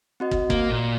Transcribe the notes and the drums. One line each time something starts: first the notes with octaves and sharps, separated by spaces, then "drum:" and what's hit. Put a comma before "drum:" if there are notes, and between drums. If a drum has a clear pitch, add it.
C4 F#4 D#5
drum: kick
A#3, drum: kick
A#2